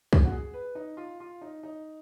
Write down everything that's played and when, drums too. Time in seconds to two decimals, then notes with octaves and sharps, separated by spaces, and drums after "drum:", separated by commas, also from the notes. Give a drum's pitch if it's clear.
0.13 drum: kick
0.24 F#4
0.31 G#4
0.54 B4
0.75 D#4
0.97 F4
1.20 F4
1.41 D#4
1.63 D#4